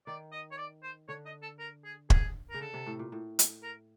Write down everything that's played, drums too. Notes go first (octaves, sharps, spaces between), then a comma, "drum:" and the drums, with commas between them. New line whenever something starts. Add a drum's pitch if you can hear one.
D#3 D5
D#5
C#5
D5
C5
D3 C#5
D#5
A4
A#4
G#4
G#4, drum: kick
C#3 A#4
D3 A4
C3
A2
A#2
A2
drum: hi-hat
A#4